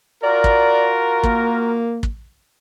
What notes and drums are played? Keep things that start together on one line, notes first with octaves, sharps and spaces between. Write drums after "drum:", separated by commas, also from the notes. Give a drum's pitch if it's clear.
F4 F#4 A#4 D5
drum: kick
A#3, drum: kick
drum: kick